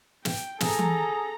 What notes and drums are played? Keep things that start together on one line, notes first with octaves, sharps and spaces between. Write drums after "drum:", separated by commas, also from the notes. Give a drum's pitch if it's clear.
G5, drum: snare
G#4 A4 A#5, drum: snare
drum: tom E3